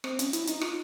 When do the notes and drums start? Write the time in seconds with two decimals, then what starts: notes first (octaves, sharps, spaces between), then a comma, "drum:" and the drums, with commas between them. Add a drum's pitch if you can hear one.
0.04 C4, drum: rim click
0.19 C#4, drum: hi-hat
0.33 E4, drum: hi-hat
0.47 D#4, drum: hi-hat
0.61 F4, drum: rim click